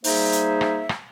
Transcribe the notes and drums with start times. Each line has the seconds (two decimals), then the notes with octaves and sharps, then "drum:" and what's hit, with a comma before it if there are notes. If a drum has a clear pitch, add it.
0.04 G3 A#3 D#4 G#4 C5 E5, drum: open hi-hat
0.32 drum: hi-hat
0.61 drum: rim click
0.89 drum: rim click